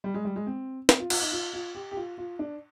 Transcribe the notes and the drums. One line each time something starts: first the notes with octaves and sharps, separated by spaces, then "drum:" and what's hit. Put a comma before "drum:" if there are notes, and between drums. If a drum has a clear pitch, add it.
G3
G#3
G3
G#3
C4
C4, drum: snare
F4
F4, drum: cymbal
D#4
F4
F4
G4
G4
F4
F4
D4